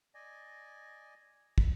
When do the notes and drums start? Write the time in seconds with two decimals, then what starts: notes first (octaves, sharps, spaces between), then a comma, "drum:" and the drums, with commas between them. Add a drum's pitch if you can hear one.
0.15 D5 D#5 G#5
1.58 drum: kick